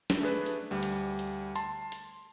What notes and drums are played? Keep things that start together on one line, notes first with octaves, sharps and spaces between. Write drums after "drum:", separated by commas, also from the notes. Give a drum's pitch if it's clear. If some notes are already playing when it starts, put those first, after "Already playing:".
drum: snare
A3 D4 G#4 B4
drum: hi-hat
D2 G3
drum: hi-hat
drum: hi-hat
A5 C6, drum: hi-hat
drum: hi-hat